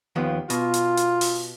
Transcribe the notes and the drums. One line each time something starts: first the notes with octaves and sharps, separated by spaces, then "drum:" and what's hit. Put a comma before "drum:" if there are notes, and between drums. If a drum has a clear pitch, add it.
D#2 F3 B3
B2 F4, drum: hi-hat
drum: hi-hat
drum: hi-hat
drum: open hi-hat